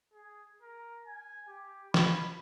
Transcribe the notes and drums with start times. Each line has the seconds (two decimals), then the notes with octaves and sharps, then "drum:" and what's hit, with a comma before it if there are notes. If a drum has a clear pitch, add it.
0.14 G#4
0.62 A#4
1.06 G#5
1.48 G4
1.94 B5, drum: snare